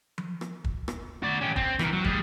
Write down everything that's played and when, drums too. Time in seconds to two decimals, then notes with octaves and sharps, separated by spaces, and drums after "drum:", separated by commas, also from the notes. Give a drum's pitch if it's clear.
0.18 drum: tom F3
0.41 drum: rim click
0.64 drum: kick
0.88 drum: rim click
1.23 F#4 D5
1.41 C#4 G4
1.56 C4, drum: kick
1.79 E3 A#4, drum: rim click
1.93 F#3
2.04 G3 G#4, drum: kick